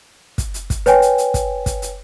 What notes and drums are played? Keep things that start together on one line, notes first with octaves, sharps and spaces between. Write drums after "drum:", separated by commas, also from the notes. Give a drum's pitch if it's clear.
drum: kick, hi-hat
drum: hi-hat
drum: kick, hi-hat
B4 C#5 G5 G#5, drum: hi-hat
drum: hi-hat
drum: hi-hat
drum: kick, hi-hat
drum: kick, hi-hat
drum: hi-hat